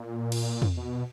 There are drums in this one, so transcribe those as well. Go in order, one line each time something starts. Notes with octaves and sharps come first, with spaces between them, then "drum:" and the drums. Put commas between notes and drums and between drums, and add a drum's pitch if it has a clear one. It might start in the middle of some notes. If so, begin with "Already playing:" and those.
Already playing: A#2
drum: cymbal
drum: tom
B2